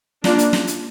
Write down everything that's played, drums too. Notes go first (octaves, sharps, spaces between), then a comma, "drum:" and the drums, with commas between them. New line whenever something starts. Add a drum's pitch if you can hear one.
A#3 D4 F4, drum: snare
drum: hi-hat
drum: snare
drum: hi-hat